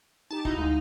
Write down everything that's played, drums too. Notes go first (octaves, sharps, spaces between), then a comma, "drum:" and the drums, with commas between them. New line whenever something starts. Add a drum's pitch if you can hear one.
D#4 G4 A5
D#4 E4 F#4 E5, drum: kick
D2 G#3 F5